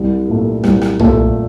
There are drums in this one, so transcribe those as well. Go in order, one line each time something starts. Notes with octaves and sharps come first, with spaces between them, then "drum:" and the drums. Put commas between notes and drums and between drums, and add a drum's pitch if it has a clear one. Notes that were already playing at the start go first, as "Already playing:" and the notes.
Already playing: C2
A#2 A3
C2, drum: rim click
drum: rim click
A#2 A3, drum: tom